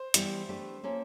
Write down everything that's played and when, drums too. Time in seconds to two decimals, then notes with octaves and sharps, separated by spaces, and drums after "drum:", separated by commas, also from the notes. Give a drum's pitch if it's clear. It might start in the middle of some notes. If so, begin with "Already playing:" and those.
Already playing: C5
0.14 E3 G3 B3 E4, drum: hi-hat
0.49 A3 D4 G4 B4
0.84 A#3 C#4 F4 A4